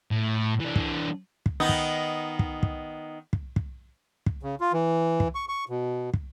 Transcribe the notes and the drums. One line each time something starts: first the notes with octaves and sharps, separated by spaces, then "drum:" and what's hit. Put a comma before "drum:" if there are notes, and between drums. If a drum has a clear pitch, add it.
A2
E3 D4
drum: kick
drum: kick
D#3 B3 D#4
drum: kick
drum: kick
drum: kick
drum: kick
drum: kick
drum: kick
C#3
F4
E3
drum: kick
C#6
C#6
B2
drum: kick